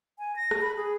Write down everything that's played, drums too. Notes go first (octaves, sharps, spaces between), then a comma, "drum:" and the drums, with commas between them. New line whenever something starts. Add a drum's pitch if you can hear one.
G#5
A#6
drum: rim click
B5
G#4